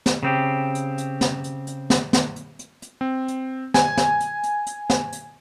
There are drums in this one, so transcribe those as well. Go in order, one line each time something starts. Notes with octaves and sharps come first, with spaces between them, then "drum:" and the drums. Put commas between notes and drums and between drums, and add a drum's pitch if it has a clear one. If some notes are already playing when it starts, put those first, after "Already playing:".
drum: snare
C#3 C4 G4
drum: hi-hat
drum: hi-hat
drum: snare
drum: hi-hat
drum: hi-hat
drum: snare
drum: snare
drum: hi-hat
drum: hi-hat
drum: hi-hat
C4
drum: hi-hat
G#5, drum: snare
drum: snare
drum: hi-hat
drum: hi-hat
drum: hi-hat
drum: snare
drum: hi-hat